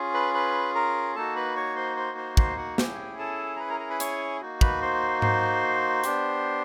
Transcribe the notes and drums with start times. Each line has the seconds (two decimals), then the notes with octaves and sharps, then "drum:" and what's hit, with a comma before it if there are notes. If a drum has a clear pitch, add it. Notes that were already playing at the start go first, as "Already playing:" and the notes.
Already playing: C#4 F4 G#4
0.14 B4 B5
0.34 B4 B5
0.75 A#4 A#5
1.16 A#3 D#4 F#4 A4 A5
1.36 B4 B5
1.56 C#5 C#6
1.76 C5 C6
1.97 C5 C6
2.17 C5 C6
2.37 C5 C6, drum: kick
2.58 F#4 F#5
2.78 C#4 E4 G4 G#4 G5, drum: snare
3.19 A4 A5
3.56 A#5
3.60 B4 B5
3.70 A#4 A#5
3.80 A#4 A#5
3.90 B4 B5
4.00 C#5 C#6, drum: hi-hat
4.41 A#3 D#4 F#4
4.61 B4 B5, drum: kick
4.82 C5 C6
5.22 C5 C6, drum: tom G#2
6.04 B3 D4 G4, drum: hi-hat